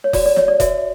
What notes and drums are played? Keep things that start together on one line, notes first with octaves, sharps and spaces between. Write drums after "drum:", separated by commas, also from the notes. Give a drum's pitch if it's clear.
C#5
F#4 D5, drum: kick F1, open hi-hat
D5
C#5, drum: snare
D5
F#4 E5, drum: kick F1, hi-hat